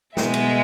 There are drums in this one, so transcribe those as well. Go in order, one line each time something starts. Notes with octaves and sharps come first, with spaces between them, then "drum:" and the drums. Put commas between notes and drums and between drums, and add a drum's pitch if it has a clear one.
B2 G#3 E5, drum: snare
drum: cymbal